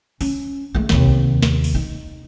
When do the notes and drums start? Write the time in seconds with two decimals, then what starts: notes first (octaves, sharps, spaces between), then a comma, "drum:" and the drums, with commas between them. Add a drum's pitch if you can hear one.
0.21 C#4, drum: open hi-hat
0.75 G#3 A3
0.89 D#2 C3, drum: snare
1.06 drum: kick C2
1.42 drum: snare
1.64 drum: open hi-hat
1.75 D#4